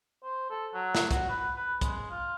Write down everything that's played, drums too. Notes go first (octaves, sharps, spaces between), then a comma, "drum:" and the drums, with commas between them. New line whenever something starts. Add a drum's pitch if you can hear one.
C5
A4
F#3
drum: snare
F#4, drum: kick, hi-hat
B4
B4
G#3, drum: kick, hi-hat
F4